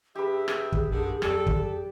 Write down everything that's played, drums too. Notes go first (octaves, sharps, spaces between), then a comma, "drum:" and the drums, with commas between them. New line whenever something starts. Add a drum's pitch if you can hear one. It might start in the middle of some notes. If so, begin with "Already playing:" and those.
G2 G4 G#4 B4 E5
drum: rim click
drum: kick
A#1 F#2 D3 D#3
F2 F#3 G4 A4 D5, drum: rim click
drum: kick